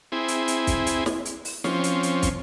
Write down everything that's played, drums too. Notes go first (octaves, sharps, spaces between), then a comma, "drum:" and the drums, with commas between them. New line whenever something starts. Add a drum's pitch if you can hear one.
C4 E4 G#4
drum: hi-hat
drum: hi-hat
drum: kick, hi-hat
drum: hi-hat
drum: snare
drum: hi-hat
drum: open hi-hat
F3 C4 C#4, drum: snare
drum: hi-hat
drum: hi-hat
drum: kick, hi-hat